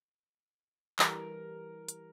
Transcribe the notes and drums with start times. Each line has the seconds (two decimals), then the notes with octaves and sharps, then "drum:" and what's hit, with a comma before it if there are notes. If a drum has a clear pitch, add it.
0.99 E3 G3 A#4, drum: clap
1.88 drum: hi-hat